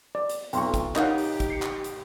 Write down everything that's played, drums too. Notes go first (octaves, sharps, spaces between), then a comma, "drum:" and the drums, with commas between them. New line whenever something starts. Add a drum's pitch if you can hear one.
D5
drum: hi-hat
B1 F2 G5 C6 C#6, drum: hi-hat
drum: kick, hi-hat
D#4 G4 A#4 C#5 D#5 F5 F#5, drum: clap
drum: open hi-hat
drum: kick, hi-hat
C7 C#7
drum: clap
drum: hi-hat